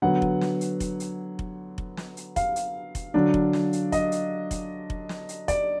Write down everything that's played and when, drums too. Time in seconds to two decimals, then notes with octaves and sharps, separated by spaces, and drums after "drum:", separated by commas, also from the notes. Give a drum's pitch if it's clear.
0.02 D3 F#3 B3 F#5
0.22 drum: kick F1
0.41 drum: snare
0.61 drum: hi-hat
0.80 drum: kick F1, hi-hat
1.00 drum: hi-hat
1.39 drum: kick F1
1.78 drum: kick F1
1.97 drum: snare
2.17 drum: hi-hat
2.36 F5, drum: kick F1, hi-hat
2.56 drum: hi-hat
2.95 drum: kick F1, hi-hat
3.14 D3 F#3 D4
3.34 drum: kick F1
3.53 drum: snare
3.73 drum: hi-hat
3.92 D#5, drum: kick F1, hi-hat
4.12 drum: hi-hat
4.51 drum: kick F1, hi-hat
4.90 drum: kick F1
5.09 drum: snare
5.29 drum: hi-hat
5.48 D5, drum: kick F1, hi-hat